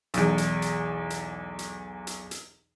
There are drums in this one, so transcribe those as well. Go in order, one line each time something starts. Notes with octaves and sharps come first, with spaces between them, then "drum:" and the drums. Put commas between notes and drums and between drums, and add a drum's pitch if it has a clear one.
B1 E2, drum: hi-hat
drum: hi-hat
drum: hi-hat
drum: hi-hat
drum: hi-hat
drum: hi-hat
drum: hi-hat